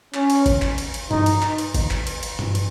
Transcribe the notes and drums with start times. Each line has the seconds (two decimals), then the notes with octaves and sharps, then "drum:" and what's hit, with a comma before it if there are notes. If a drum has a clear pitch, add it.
0.14 C#4, drum: clap
0.30 drum: cymbal
0.46 drum: kick, cymbal
0.62 drum: clap
0.78 drum: cymbal
0.94 drum: cymbal
1.11 D#4, drum: tom G2
1.26 drum: cymbal
1.42 drum: clap
1.58 drum: cymbal
1.74 drum: kick, cymbal
1.91 drum: clap
2.07 drum: cymbal
2.23 drum: cymbal
2.39 drum: tom G2
2.55 drum: cymbal